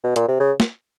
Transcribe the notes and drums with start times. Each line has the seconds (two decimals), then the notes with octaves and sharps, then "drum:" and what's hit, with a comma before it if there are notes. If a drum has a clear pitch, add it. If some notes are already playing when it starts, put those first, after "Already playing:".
0.04 B2
0.16 A#2, drum: hi-hat
0.28 C3
0.40 C#3
0.60 drum: snare